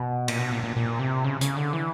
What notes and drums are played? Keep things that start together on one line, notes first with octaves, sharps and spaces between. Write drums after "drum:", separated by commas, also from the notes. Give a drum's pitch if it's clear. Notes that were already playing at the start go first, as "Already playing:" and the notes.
Already playing: B2
A#2, drum: cymbal
B2
A#2
A#2
A#2
C3
C#3
C#3, drum: hi-hat
D3
E3